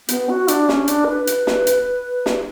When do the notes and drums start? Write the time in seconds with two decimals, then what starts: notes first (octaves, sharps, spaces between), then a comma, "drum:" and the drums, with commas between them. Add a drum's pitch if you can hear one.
0.09 B3, drum: hi-hat
0.29 F#4
0.48 D4, drum: hi-hat
0.69 C#4, drum: snare
0.88 D4, drum: hi-hat
1.08 B4
1.27 drum: hi-hat
1.47 drum: snare
1.67 drum: hi-hat
2.26 drum: snare